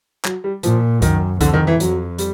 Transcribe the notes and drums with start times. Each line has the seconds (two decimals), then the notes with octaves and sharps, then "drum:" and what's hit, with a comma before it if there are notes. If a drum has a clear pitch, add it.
0.25 F#3, drum: clap
0.44 G3
0.63 A#2 F3, drum: hi-hat
1.02 F#2 D#3, drum: kick C2, hi-hat
1.41 F2 D3, drum: kick C2, hi-hat
1.54 D#3
1.67 E3
1.80 F2 F#3, drum: hi-hat
2.18 G3, drum: hi-hat